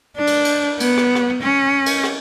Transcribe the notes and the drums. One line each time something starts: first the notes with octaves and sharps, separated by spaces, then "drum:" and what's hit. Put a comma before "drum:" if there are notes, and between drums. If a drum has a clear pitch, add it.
D4
drum: cymbal
drum: cymbal
B3, drum: cymbal
drum: rim click
drum: rim click
C#4
drum: cymbal
drum: rim click